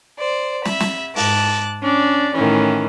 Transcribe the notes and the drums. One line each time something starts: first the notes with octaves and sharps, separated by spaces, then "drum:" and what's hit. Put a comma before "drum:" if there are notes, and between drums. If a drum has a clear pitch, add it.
C5 D5
E5 B5, drum: snare
drum: snare
G#2 A5 D6 F#6, drum: open hi-hat
C#4 D4 D5
A2 D#3 E3 C#4